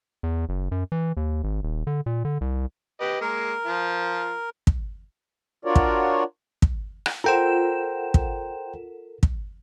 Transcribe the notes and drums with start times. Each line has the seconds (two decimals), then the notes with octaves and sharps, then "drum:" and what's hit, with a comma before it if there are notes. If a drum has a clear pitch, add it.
0.23 E2
0.49 F#1
0.71 F#2
0.92 E3
1.17 D#2
1.44 G#1
1.63 D#1
1.87 D3
2.06 A#2
2.25 D3
2.41 C2
3.01 G4 B4 D#5
3.21 G#3 A#3 A#4
3.66 F3 F4
4.67 drum: kick
5.65 D4 F4 F#4 A#4 C#5 D5
5.76 drum: kick
6.62 drum: kick
7.06 drum: rim click
7.24 F4 A4 A#4 C5 F#5 G5 A#5 E7
8.14 drum: kick
9.23 drum: kick